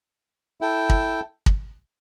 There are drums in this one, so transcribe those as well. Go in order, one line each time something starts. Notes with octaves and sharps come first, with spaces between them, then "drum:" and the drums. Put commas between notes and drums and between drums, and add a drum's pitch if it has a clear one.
E4 A4 G5
drum: kick
drum: kick